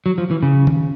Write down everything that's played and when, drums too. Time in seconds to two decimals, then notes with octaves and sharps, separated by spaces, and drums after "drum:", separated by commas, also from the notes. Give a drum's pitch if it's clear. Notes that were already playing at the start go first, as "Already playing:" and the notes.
0.06 F#3
0.18 F3
0.31 E3
0.43 C#3
0.67 drum: tom D#3